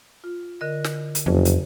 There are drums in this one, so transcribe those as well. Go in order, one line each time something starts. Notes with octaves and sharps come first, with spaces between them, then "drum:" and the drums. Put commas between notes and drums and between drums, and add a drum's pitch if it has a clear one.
F4
D3 A#4 D#5
drum: snare
drum: hi-hat
F#1 F2
drum: hi-hat